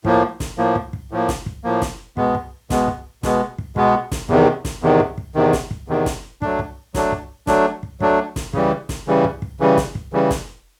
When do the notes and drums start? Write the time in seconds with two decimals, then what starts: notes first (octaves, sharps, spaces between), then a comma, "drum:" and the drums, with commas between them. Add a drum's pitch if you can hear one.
0.05 A2 F3 A#3, drum: kick
0.40 drum: snare
0.58 A2 F3 A#3
0.75 drum: kick
0.93 drum: kick
1.11 A2 F3 A#3
1.29 drum: snare
1.46 drum: kick
1.64 A2 F3 A#3
1.82 drum: snare
2.17 B2 G#3 B3, drum: kick
2.35 drum: kick
2.70 B2 G#3 B3, drum: snare
2.88 drum: kick
3.23 B2 G#3 B3, drum: snare
3.58 drum: kick
3.76 B2 G#3 B3, drum: kick
4.11 drum: snare
4.29 E2 C3 D#3, drum: kick
4.65 drum: snare
4.82 E2 C3 D#3
5.00 drum: kick
5.18 drum: kick
5.35 E2 C3 D#3
5.53 drum: snare
5.71 drum: kick
5.88 E2 C3 D#3
6.06 drum: snare
6.42 F#3 A3 D4, drum: kick
6.59 drum: kick
6.94 F#3 A3 D4, drum: snare
7.12 drum: kick
7.47 F#3 A3 D4, drum: snare
7.83 drum: kick
8.00 F#3 A3 D4, drum: kick
8.36 drum: snare
8.53 C#3 E3 G3, drum: kick
8.89 drum: snare
9.07 C#3 E3 G3
9.24 drum: kick
9.42 drum: kick
9.60 C#3 E3 G3
9.77 drum: snare
9.95 drum: kick
10.13 C#3 E3 G3
10.30 drum: snare